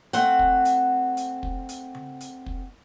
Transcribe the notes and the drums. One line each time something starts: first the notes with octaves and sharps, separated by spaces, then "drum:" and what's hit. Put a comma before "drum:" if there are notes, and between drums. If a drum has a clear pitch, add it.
A3 C4 F#5, drum: hi-hat
drum: kick
drum: hi-hat
drum: hi-hat
drum: kick
drum: hi-hat
drum: tom C#3
drum: hi-hat
drum: kick